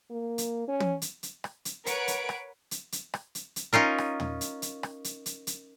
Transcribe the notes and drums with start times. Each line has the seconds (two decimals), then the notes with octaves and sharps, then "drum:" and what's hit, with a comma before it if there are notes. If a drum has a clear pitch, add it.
0.11 A#3
0.38 drum: hi-hat
0.68 C#4
0.80 drum: tom
1.02 drum: hi-hat
1.23 drum: hi-hat
1.44 drum: rim click
1.65 drum: hi-hat
1.86 A#4 B4 C#5 F#5 D7, drum: hi-hat
2.08 drum: hi-hat
2.29 drum: rim click
2.71 drum: hi-hat
2.92 drum: hi-hat
3.14 drum: rim click
3.35 drum: hi-hat
3.56 drum: hi-hat
3.73 C#4 D#4 F4 A#4
3.98 drum: rim click
4.20 drum: tom
4.41 drum: hi-hat
4.62 drum: hi-hat
4.83 drum: rim click
5.04 drum: hi-hat
5.26 drum: hi-hat
5.47 drum: hi-hat